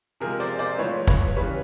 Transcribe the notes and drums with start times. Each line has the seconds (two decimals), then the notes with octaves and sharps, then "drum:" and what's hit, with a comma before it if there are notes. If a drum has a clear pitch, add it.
0.20 C3 F3 G#3 G#4 A#4
0.40 C5 D5
0.59 C5 D5
0.78 A2 F3 G#3 B4 C#5
1.07 B4 C#5, drum: kick
1.37 C#3 E3 G3 B4 C#5